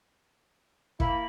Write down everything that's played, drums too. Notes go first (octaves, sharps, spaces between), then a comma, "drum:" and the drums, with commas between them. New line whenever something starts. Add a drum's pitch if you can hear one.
A#3 E4 B5, drum: kick